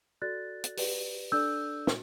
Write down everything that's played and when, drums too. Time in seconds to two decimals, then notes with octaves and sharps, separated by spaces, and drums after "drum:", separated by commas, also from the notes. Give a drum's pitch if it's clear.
0.22 F#4 A4 D5 F#6 A6
0.64 drum: hi-hat
0.77 G4 B4 D5, drum: open hi-hat
1.32 D4 A4 D5 E6 G6
1.87 F#4, drum: snare